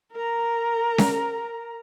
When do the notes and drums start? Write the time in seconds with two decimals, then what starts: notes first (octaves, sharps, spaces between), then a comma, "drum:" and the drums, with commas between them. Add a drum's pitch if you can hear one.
0.12 A#4 A#5
0.98 drum: snare C#4